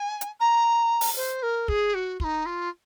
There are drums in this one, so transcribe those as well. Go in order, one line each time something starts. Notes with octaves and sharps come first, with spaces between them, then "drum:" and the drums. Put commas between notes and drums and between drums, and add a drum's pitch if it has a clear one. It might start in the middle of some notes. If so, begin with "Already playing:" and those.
Already playing: G#5
drum: hi-hat
A#5
drum: open hi-hat
C5
A#4
G#4, drum: kick
F#4
F4, drum: kick
D#4
F4